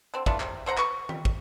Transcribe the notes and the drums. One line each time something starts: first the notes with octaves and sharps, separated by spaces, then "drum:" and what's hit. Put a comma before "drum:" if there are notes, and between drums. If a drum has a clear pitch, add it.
D3 C4
E3 A3 D4 F4, drum: kick
C3, drum: clap
D3 C5 F#5 A#5
B4 C#6, drum: clap
G4, drum: tom D#3
drum: kick